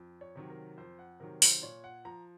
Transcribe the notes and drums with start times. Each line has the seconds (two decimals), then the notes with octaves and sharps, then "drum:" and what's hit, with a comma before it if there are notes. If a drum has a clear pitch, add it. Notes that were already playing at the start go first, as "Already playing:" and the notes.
Already playing: F2
0.21 C#5
0.35 C3 D#3 F#3
0.50 A#4
0.78 F2 C5
0.99 F#5
1.20 C3 D#3 F#3 A#4
1.42 C5, drum: open hi-hat
1.62 A#2 C#5
1.84 F#5
2.05 F3 A#5